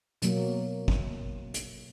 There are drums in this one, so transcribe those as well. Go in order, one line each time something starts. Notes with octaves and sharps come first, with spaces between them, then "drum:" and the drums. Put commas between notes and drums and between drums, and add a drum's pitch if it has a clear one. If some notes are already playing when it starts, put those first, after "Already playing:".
B2 F#3 A#3, drum: hi-hat
drum: kick
drum: hi-hat